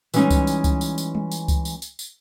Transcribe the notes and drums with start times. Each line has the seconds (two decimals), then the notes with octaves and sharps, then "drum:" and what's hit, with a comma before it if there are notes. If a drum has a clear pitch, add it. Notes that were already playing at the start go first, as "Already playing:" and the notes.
0.14 E3 G3 G#3 C#4 D#4, drum: tambourine
0.30 drum: kick C#2, tambourine
0.47 drum: tambourine
0.64 drum: kick C#2, tambourine
0.81 drum: tambourine
0.98 drum: tambourine
1.15 drum: tom G3
1.32 drum: tambourine
1.48 drum: kick C#2, tambourine
1.65 drum: tambourine
1.82 drum: tambourine
1.99 drum: tambourine